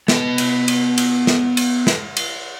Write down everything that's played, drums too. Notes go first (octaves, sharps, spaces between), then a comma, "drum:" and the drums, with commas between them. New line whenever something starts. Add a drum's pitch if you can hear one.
B3 D#5, drum: snare
drum: cymbal
drum: cymbal
drum: cymbal
drum: snare
drum: cymbal
drum: snare
drum: cymbal